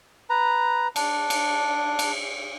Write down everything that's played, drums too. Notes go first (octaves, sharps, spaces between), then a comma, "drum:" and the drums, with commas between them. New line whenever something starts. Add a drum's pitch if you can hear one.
B4 A#5
D4, drum: cymbal
drum: cymbal
drum: cymbal